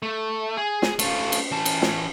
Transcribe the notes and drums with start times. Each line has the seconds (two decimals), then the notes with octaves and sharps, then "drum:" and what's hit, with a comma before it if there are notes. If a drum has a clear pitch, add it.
0.02 A3
0.57 G#4
0.82 drum: snare
0.99 A3 F4, drum: cymbal
1.32 drum: cymbal
1.51 E3 A5
1.65 drum: cymbal
1.82 drum: snare